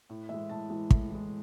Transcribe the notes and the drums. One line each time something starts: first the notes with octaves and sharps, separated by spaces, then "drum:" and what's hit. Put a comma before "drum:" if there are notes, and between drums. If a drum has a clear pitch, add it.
A2
E3 G#3 E5
A2 A5
E3 G#3
A2, drum: kick
E3 G#3